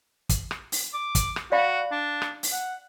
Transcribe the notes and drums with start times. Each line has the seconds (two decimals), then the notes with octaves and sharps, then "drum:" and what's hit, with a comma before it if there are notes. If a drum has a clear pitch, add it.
0.29 drum: kick, hi-hat
0.51 drum: rim click
0.72 drum: open hi-hat
0.93 D6
1.15 drum: kick, hi-hat
1.36 drum: rim click
1.52 F#4 D5 F5 B5
1.92 D4
2.22 drum: rim click
2.43 drum: open hi-hat
2.52 F#5